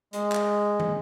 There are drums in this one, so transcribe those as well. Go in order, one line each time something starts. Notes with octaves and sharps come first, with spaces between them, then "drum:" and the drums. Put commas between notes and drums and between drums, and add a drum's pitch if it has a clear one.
G#3, drum: hi-hat
drum: clap
drum: tom